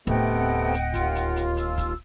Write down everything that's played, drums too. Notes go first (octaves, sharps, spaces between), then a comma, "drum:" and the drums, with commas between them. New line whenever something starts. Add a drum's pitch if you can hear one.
D1 C3 A3 B3 D#5 F#5 G5
drum: hi-hat
D#2 F4, drum: kick, hi-hat
drum: hi-hat
drum: hi-hat
E6, drum: hi-hat
drum: kick, hi-hat